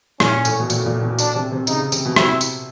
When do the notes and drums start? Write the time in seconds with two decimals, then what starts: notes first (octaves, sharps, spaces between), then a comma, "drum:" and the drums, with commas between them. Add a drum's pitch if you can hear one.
0.20 A#2 C#4, drum: rim click
0.45 A2, drum: tambourine
0.60 B2
0.70 A#2, drum: tambourine
0.86 A#2
1.02 B2
1.19 D4, drum: tambourine
1.35 C3
1.52 C3
1.67 C#3 D#4, drum: tambourine
1.92 C3, drum: tambourine
2.05 B2
2.16 C3 E4, drum: rim click
2.41 drum: tambourine